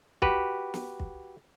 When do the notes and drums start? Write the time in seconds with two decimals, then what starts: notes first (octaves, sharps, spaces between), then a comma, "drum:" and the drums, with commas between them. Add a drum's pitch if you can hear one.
0.22 F#4 G4 B4, drum: kick
0.74 drum: snare
1.00 drum: kick